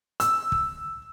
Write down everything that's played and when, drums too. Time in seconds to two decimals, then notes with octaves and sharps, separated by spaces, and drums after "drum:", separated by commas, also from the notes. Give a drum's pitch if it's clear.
0.20 E6, drum: hi-hat
0.52 drum: kick